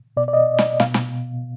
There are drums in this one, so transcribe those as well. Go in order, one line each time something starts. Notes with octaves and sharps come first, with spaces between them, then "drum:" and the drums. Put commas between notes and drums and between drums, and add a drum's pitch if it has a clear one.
B2 D5
D5
D#5
drum: snare
B2 F5, drum: snare
drum: snare